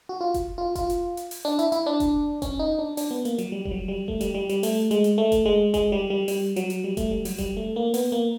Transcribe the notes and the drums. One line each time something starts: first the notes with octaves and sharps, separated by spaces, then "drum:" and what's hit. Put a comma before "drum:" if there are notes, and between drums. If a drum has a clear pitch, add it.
F#4
F4
drum: kick F1, hi-hat
F4
F4, drum: kick F1, hi-hat
drum: hi-hat
drum: hi-hat
drum: open hi-hat
D4
E4, drum: hi-hat
E4, drum: hi-hat
D4
drum: kick F1, hi-hat
C#4, drum: kick F1, hi-hat
D#4
D4
D4, drum: open hi-hat
B3
A#3, drum: hi-hat
F#3, drum: hi-hat
G3
G3, drum: kick F1
F#3
G3
A3, drum: kick F1
G3, drum: hi-hat
G3
G3, drum: hi-hat
A3, drum: open hi-hat
G#3, drum: hi-hat
drum: hi-hat
A3
drum: kick F1, hi-hat
G#3
G#3, drum: kick F1, hi-hat
G3
G3
G3, drum: open hi-hat
F#3, drum: hi-hat
drum: hi-hat
G3
A3, drum: kick F1, hi-hat
G3
F#3, drum: open hi-hat
G3, drum: kick F1, hi-hat
A3
A#3
B3, drum: open hi-hat
A#3